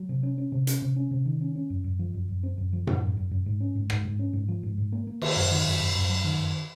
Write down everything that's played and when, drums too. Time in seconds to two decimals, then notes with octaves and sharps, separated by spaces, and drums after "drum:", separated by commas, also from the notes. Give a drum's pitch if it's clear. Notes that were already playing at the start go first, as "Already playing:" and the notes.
Already playing: F#3
0.09 C3
0.23 C#4
0.38 C#4
0.52 C3
0.67 C#4, drum: hi-hat
0.82 C3
0.96 C#4
1.11 C3
1.26 D#3
1.41 C#4
1.56 C#4
1.70 F#2
1.84 F#2
1.99 F3
2.14 F#2
2.29 F#2
2.43 C4
2.58 F#2
2.73 F3
2.87 F#2, drum: tom A2
3.01 F#2
3.17 F#2
3.31 F#2
3.46 G#2
3.61 C#4
3.75 G#2
3.90 G#2, drum: rim click
4.05 G#2
4.19 C#4
4.33 G#2
4.48 F3
4.63 G#2
4.78 G#2
4.92 A#3
5.07 A#3
5.21 D#3, drum: cymbal
5.36 F#2
5.51 D#3
5.66 F#2
5.80 F#2
5.95 F#2
6.09 F#3
6.24 D#3
6.39 F#2